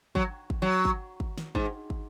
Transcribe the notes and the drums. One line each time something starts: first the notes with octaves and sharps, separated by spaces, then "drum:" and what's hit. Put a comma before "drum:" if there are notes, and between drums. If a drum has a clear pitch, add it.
F#3, drum: kick
drum: kick
F#3
drum: kick
drum: kick
drum: snare
G#2, drum: kick
drum: kick